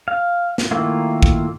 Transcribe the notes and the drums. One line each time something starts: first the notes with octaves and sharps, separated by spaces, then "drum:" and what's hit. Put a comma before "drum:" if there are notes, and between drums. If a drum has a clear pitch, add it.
F5
drum: snare
D#3 A3 A#3 E4 F4
drum: kick